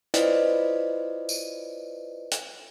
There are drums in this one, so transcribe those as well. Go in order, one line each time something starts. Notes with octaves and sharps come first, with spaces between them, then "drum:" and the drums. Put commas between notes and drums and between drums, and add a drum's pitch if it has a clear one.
E4 F4 B4 C5 D5 D#5, drum: hi-hat
drum: tambourine
drum: hi-hat